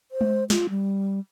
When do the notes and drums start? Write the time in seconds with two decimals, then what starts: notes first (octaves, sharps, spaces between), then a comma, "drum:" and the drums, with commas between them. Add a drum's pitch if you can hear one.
0.11 C5
0.21 drum: tom G#3
0.50 F4, drum: snare
0.70 G3